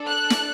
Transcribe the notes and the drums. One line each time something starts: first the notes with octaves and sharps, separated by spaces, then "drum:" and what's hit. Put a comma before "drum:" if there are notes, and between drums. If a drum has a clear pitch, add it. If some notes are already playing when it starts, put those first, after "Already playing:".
Already playing: D4 A4
F#6
drum: snare